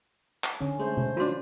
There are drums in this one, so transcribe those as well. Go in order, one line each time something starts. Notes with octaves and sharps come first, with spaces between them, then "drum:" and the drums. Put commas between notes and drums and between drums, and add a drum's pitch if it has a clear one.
drum: clap
D3 C#4
G#3 A3 C5
drum: tom B2
F3 F#3 D4 F4 F#4 C6